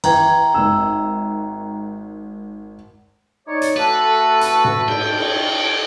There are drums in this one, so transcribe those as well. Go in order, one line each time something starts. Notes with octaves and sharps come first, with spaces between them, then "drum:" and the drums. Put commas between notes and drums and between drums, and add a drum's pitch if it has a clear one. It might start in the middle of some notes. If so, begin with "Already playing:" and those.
E3 E5 G5 A#5 G#6, drum: cymbal
G#1 E6
D#4 C#5 D5
drum: hi-hat
A3 F#4 A4 B4
drum: hi-hat
drum: tom
G5, drum: cymbal
drum: cymbal